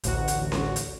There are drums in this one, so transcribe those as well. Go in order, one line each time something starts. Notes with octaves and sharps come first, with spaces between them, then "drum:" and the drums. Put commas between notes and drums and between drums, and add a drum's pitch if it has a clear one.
A1 D2 F#4, drum: hi-hat
drum: hi-hat
drum: snare C#4
drum: hi-hat